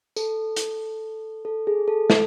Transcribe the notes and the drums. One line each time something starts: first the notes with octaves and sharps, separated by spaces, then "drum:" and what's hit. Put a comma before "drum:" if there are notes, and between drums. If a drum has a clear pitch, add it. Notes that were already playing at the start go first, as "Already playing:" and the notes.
A4, drum: tambourine
drum: hi-hat
A4
G#4
A4
A4, drum: snare